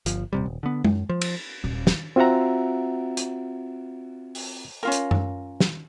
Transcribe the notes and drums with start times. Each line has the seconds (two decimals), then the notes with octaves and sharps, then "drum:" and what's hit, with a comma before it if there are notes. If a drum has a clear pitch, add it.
0.06 G1 F3, drum: hi-hat
0.33 D#1 C3 G3
0.46 D#1
0.63 D3 B3
0.85 F#2, drum: tom
1.09 F3
1.21 drum: cymbal
1.64 D#1
1.87 drum: snare
2.16 C4 F4 F#4 E5 F#5 A#5
3.17 drum: hi-hat
4.35 drum: open hi-hat
4.83 C#4 F4 A#4
4.92 drum: hi-hat
5.11 drum: tom F#2
5.60 drum: snare